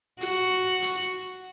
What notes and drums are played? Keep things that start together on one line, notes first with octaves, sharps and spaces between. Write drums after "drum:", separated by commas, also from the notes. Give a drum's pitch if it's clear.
F#4, drum: hi-hat
drum: hi-hat